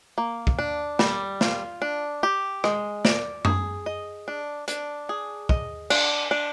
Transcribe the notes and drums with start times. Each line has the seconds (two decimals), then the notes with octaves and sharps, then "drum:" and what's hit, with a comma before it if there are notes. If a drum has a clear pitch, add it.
0.18 A#3
0.47 drum: kick
0.59 D4
0.99 G3, drum: snare
1.41 F4, drum: snare
1.82 D4
2.23 G4
2.64 G#3, drum: rim click
3.05 D5, drum: snare
3.45 G#4, drum: tom F#2
3.86 D#5
4.28 D4
4.68 D4, drum: hi-hat
5.09 G#4
5.49 D#5, drum: kick
5.90 D4, drum: cymbal
6.31 D4